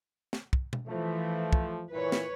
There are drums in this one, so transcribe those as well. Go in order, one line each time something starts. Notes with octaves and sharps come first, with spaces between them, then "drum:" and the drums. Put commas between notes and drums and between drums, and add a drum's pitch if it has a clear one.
drum: snare
drum: kick
drum: tom B2
E3 F3 A3
drum: kick
A#2 E3 B4 C#5
drum: snare